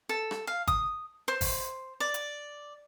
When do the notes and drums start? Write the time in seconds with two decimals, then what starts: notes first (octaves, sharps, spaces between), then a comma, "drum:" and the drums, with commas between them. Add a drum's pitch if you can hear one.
0.09 A4
0.31 drum: rim click
0.47 F5
0.68 D#6, drum: kick G#1, hi-hat
1.28 C5
1.41 drum: kick G#1, open hi-hat
2.00 D5
2.14 drum: hi-hat